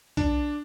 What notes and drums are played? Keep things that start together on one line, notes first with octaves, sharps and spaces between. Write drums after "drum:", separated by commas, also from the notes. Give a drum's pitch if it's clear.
D4, drum: kick B1, hi-hat